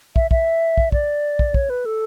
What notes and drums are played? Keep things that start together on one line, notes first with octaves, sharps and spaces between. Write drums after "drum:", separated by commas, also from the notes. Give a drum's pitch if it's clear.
E5, drum: kick
E5, drum: kick
drum: kick
D5, drum: kick
drum: kick
C#5, drum: kick
B4
A4